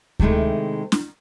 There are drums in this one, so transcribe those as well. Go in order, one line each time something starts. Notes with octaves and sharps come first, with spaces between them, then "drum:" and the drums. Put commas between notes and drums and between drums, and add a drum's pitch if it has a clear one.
C3 D#3 G#3 A3 E4, drum: kick D2
drum: snare